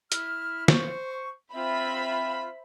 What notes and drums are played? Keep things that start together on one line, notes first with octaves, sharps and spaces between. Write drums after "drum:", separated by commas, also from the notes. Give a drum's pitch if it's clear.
E4 E5 F6, drum: hi-hat
C5 C#6, drum: snare
C4 F4 C5 E5 B5